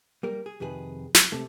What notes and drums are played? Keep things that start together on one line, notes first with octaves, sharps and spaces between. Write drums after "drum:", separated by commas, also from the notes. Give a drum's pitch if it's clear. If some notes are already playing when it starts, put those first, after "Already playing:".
G3 A#3 A#4
G#4
F2 C3 D#3 G#4 B4
drum: snare
C3 A3